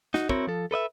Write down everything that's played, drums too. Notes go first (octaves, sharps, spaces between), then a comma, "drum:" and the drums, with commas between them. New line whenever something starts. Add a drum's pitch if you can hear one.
D#4 F#4, drum: snare
C4 E4 F#4 A#4 C#5, drum: kick
F3 A4
A4 B4 D#5 E5